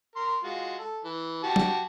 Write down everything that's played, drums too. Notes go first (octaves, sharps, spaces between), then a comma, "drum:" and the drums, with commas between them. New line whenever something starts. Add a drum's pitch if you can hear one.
A#4 C6
G#3 F4 F#4
A4
E3
F#4 G4 A5
drum: tom F#3